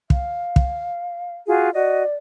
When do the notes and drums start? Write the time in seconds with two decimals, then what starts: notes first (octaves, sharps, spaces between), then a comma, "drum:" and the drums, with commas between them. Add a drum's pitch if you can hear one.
0.10 F5, drum: kick
0.56 drum: kick
1.46 F4 F#4 G#4
1.74 F#4 D5 D#5